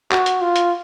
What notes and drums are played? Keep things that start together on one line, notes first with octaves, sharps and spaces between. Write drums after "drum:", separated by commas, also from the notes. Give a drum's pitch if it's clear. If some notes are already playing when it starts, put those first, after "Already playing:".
F#4, drum: clap
drum: hi-hat
F4
drum: hi-hat